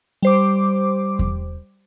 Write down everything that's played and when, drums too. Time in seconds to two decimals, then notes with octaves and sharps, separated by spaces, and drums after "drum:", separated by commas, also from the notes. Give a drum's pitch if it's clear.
0.22 G3 C5 D6
1.19 drum: kick E2